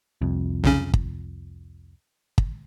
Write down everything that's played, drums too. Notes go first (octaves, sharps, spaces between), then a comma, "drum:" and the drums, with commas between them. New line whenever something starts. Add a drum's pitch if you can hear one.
C2 F2
B1 C#3 C#4
drum: kick
drum: kick